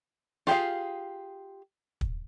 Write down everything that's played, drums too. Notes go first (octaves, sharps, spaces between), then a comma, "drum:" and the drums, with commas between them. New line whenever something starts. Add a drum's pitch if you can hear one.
F4 G4 G#4 F5, drum: snare
drum: kick